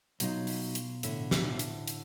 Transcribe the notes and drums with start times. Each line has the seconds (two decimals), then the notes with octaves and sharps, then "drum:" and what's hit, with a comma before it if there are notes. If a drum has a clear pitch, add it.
0.20 B1 B2 F#3 D#4 F4, drum: hi-hat
0.47 drum: open hi-hat
0.75 drum: hi-hat
1.03 A2 D3 E4, drum: hi-hat
1.31 drum: snare
1.59 drum: hi-hat
1.87 drum: hi-hat